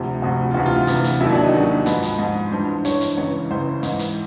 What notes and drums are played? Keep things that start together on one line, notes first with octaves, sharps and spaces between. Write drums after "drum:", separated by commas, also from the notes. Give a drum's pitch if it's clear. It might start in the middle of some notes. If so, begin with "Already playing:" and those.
Already playing: D2 C3 F3
D2 C3 F3 F#4
F4
D2 C3 E3 F#4
F4
F4
D2 C3 E3, drum: hi-hat
drum: hi-hat
D#2 D#3 F#3 E4
D4
D#4
D#2 D#3 F#3
G#2 F3 B4, drum: hi-hat
drum: hi-hat
G#2 F3
G2 E3 C5
G2 E3 C#5, drum: hi-hat
drum: hi-hat
C#2 C#3 E3 C#5
C#2 C#3 E3 C5
G#2 E3, drum: hi-hat
drum: hi-hat